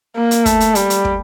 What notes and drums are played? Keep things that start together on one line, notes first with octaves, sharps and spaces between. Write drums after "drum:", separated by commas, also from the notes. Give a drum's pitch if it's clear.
A#3
drum: hi-hat
A3, drum: kick, hi-hat
drum: hi-hat
G3, drum: hi-hat
drum: hi-hat
drum: kick